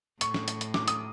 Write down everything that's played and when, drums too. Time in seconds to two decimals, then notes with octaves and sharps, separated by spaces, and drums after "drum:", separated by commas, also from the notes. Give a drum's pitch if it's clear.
0.21 A2 C#6, drum: hi-hat
0.34 drum: snare
0.48 drum: hi-hat
0.61 drum: hi-hat
0.74 D6, drum: snare
0.88 D#6, drum: hi-hat